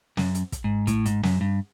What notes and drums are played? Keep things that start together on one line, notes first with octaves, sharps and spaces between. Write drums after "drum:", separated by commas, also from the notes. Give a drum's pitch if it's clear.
F#2, drum: snare
drum: hi-hat
drum: kick, hi-hat
G#2
A2, drum: kick, hi-hat
G#2, drum: hi-hat
F#2, drum: snare
G2